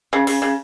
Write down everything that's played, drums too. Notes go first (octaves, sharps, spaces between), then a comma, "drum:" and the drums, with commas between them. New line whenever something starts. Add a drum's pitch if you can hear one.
C#3
C#3, drum: open hi-hat
C#3